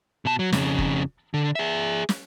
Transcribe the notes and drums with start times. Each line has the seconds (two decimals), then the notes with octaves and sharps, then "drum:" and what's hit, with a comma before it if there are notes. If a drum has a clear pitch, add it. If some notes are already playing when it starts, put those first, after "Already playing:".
0.25 B2 A5
0.39 F#3
0.52 F2 C#3, drum: snare
0.79 drum: kick F#1
1.34 D3
1.55 G#4 E5
2.09 drum: snare